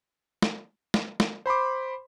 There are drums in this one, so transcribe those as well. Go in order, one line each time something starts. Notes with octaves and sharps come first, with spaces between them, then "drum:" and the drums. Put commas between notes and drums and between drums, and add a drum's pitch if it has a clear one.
drum: snare
drum: snare
drum: snare
C5 B5 C6 D6